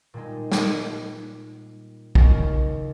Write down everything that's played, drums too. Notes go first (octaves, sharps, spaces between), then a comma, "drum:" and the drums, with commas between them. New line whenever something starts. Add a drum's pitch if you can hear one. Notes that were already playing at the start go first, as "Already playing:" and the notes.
A#2 G3 G#3 D#4
drum: snare
D#2 C#3, drum: kick